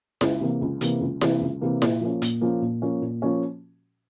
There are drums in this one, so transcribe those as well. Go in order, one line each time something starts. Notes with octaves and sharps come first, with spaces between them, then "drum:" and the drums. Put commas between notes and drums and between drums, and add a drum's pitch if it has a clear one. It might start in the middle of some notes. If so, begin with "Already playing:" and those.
C#2, drum: snare E4
C3 E3 A#3
C#2
C3 E3 A#3, drum: hi-hat
C#2
C3 E3 A#3, drum: snare E4
C#2
C3 E3 A#3
A#2, drum: snare E4
F3 A#3 C#4
A#2, drum: hi-hat
F3 A#3 C#4
A#2
F3 A#3 C#4
A#2
F3 A#3 C#4